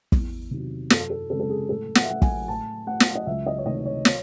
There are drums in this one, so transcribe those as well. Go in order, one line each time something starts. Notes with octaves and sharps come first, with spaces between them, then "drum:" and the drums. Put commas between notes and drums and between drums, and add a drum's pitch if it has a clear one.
E2, drum: kick
C3 D#3 F#3
F#2 A4, drum: snare
A4
C#3 G#3 C4 A4
A4
G#4
A2 A4
F#5, drum: snare
E5
F#3 A3 F#5
G#5, drum: kick
A2 A5
F#3 A3 F#5
drum: snare
D#5
C#2 E5
D#5
C#5
C3 D#3 A3 D#5
C#5
C#5, drum: snare